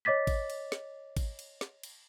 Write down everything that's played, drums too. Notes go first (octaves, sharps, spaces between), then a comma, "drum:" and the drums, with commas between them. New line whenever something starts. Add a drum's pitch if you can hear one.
C#5 D#5 D6 A6 B6
drum: kick G#1, cymbal
drum: cymbal
drum: snare
drum: kick G#1, cymbal
drum: cymbal
drum: snare
drum: cymbal